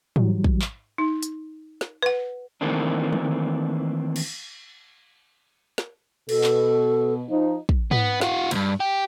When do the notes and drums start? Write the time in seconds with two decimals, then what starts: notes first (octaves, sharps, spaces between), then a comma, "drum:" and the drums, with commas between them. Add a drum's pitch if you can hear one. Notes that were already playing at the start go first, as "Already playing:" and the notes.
0.16 E3 F#3 G3, drum: tom G#2
0.44 drum: kick
0.62 drum: clap
0.98 D#4
1.23 drum: hi-hat
1.81 drum: snare
2.02 B4 F#5
2.61 D#3 E3 A3 A#3 C4 D4
3.13 drum: tom D3
4.16 drum: cymbal
5.78 drum: snare
6.29 B2 A4, drum: cymbal
6.44 drum: clap
7.28 F3 D#4
7.69 drum: kick
7.91 B3, drum: tom G#2
8.21 F4 F#4, drum: snare
8.51 D2 G2, drum: cymbal
8.80 G4